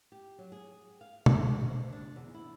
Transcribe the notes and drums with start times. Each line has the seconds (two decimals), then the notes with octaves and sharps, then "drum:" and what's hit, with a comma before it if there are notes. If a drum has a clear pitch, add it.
0.12 G4
0.39 F#3
0.52 G#4
1.01 F5
1.26 F5, drum: tom
1.43 G#3
1.69 C5
1.92 D4
2.16 E2
2.34 E4